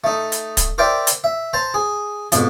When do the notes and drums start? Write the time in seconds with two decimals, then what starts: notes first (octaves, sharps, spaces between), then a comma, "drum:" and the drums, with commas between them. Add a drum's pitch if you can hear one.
0.04 A3 D#4
0.32 drum: hi-hat
0.57 drum: kick, hi-hat
0.78 A#4 C5 D5 E5 G5
1.07 drum: hi-hat
1.24 E5
1.53 C5 A5 A#5
1.74 G#4
2.32 F2 G#2 B2, drum: hi-hat